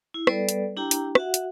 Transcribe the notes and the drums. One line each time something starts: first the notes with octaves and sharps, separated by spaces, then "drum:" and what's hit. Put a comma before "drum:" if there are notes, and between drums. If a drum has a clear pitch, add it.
E4
G3 B3 A4 B4 D5, drum: rim click
drum: hi-hat
D4 E4 G4 G5 A#5
drum: hi-hat
F#4 E5 F#5, drum: rim click
drum: hi-hat